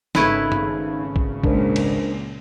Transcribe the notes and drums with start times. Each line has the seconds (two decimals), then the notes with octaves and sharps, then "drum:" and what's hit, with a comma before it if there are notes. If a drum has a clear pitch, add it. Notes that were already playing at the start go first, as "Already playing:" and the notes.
0.15 G#1 C#3 A3 D#4 E4 B4 G#6, drum: snare
0.52 drum: tom G2
1.16 drum: kick
1.44 C#2 A#2 D4 A#4 C5, drum: kick
1.76 drum: cymbal